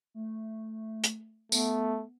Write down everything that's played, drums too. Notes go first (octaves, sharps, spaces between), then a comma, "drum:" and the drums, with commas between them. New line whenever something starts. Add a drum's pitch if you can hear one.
A3
drum: hi-hat
A3 B3, drum: tambourine